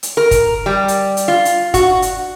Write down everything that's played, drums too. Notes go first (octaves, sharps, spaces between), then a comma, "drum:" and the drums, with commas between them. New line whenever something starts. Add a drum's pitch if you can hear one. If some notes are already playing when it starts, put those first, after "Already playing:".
drum: hi-hat
A#4
drum: kick, hi-hat
G3
drum: hi-hat
drum: hi-hat
F4
drum: hi-hat
F#4, drum: kick, hi-hat
drum: hi-hat